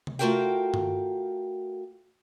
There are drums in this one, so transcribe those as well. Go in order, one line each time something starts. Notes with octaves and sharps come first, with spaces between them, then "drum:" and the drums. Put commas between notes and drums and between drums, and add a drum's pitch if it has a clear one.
drum: tom C3
A3 F4 F#4 A#4 F5 G5
drum: tom G2